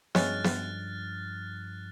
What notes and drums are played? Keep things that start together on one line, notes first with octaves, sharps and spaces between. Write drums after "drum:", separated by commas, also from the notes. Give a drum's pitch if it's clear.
G2 F3 G#3 C#4 F6 F#6 A6, drum: snare
drum: snare